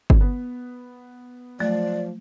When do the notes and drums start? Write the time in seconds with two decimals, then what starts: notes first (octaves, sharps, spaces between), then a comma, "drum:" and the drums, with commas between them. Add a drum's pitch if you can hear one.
0.10 drum: kick G1
0.21 B3
1.60 F3 F#3 A3 D5